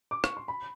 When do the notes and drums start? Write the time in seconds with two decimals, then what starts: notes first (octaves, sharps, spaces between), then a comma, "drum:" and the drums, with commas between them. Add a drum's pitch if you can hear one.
0.11 D6
0.24 C#6, drum: rim click
0.37 C6
0.48 B5